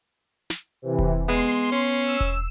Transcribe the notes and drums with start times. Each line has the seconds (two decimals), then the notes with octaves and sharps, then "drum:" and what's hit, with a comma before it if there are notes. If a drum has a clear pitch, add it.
0.50 drum: snare
0.82 C3 E3
0.99 drum: kick E1
1.28 G#3 B3 C6
1.72 C#4
2.03 E6
2.20 drum: kick E1